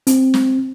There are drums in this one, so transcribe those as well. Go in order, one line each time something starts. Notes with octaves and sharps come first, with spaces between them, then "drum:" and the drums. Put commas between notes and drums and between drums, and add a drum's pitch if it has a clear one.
C4, drum: hi-hat
drum: snare